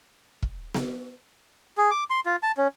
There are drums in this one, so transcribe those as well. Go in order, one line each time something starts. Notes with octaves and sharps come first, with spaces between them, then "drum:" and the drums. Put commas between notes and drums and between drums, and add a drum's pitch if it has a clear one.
drum: kick
drum: snare B3
G#4
D6
C6
F4
A5
C#4